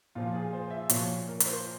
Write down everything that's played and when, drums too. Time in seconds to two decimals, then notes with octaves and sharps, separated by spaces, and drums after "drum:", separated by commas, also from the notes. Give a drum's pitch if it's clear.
0.15 A#2 F3 F4
0.34 G#4
0.53 C5
0.71 E5
0.90 A#2 F3 C#5, drum: hi-hat
1.27 A#4
1.40 A#4, drum: hi-hat
1.46 C5